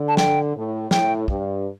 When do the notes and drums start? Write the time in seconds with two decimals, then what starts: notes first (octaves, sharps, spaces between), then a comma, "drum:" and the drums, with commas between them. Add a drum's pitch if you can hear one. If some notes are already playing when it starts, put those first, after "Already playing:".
Already playing: D3
0.08 A5
0.17 G5, drum: snare
0.55 A2
0.91 A2 G5, drum: snare
1.28 G2, drum: kick